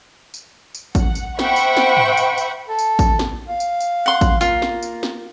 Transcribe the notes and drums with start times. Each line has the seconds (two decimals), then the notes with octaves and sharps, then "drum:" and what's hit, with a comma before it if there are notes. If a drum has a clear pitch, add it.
0.34 drum: tambourine
0.75 drum: tambourine
0.95 F#5, drum: kick A1, tambourine
1.15 drum: tambourine
1.39 C5 E5 F#5 G5 B5 C#6, drum: snare
1.56 drum: tambourine
1.77 drum: snare
1.97 drum: tom G#2
2.17 drum: tambourine
2.38 drum: tambourine
2.68 A4
2.79 drum: tambourine
2.99 drum: kick A1, tambourine
3.19 drum: snare
3.48 F5
3.60 drum: tambourine
3.81 drum: tambourine
4.06 F#5 C6
4.21 drum: kick A1, tambourine
4.41 A#3 F4, drum: tambourine
4.62 drum: snare
4.83 drum: tambourine
5.03 drum: snare